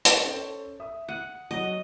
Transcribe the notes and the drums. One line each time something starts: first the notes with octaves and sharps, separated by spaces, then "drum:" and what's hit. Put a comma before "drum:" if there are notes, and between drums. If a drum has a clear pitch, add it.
drum: hi-hat
C#4 A4 C5
E5 D#6
F#5 C#7 D#7
F#3 D#5 F#5